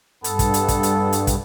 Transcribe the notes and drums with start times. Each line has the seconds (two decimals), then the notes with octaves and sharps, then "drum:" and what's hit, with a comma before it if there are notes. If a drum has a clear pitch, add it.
0.24 G2 B3 A4, drum: hi-hat
0.39 drum: kick, hi-hat
0.54 drum: hi-hat
0.68 drum: kick, hi-hat
0.83 drum: hi-hat
1.13 drum: hi-hat
1.27 drum: kick, hi-hat